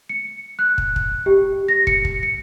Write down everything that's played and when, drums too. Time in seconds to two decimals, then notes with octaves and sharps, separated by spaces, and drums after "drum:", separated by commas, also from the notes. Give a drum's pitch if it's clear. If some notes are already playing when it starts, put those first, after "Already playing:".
0.09 C#7
0.59 F#6
0.78 drum: kick
0.96 drum: kick
1.26 G4
1.68 A#6
1.87 C#7, drum: kick
2.05 drum: kick
2.23 C#7